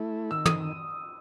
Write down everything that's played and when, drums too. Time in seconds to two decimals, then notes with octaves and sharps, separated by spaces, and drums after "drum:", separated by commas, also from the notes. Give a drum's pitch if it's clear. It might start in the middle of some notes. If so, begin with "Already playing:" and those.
Already playing: A3 E4
0.31 D#3 E6
0.46 D#6, drum: tom